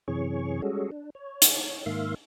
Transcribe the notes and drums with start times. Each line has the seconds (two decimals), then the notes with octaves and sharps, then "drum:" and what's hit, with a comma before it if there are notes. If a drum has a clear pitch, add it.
0.08 F#2 C3 E3 G#4 C#5 C#6
0.62 G3 G#3 C#4 F#4 G#4 A4
0.92 D4
1.15 C#5
1.42 drum: hi-hat
1.86 G#2 D#3 A#3 E5 F5 C6